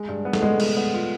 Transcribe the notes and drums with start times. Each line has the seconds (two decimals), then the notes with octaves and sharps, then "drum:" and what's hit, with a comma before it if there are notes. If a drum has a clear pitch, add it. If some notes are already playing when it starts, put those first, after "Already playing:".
Already playing: G#3
0.08 G2
0.25 B3
0.33 A3, drum: snare
0.42 G#3 B3
0.60 B3, drum: cymbal
0.77 B3
0.93 F4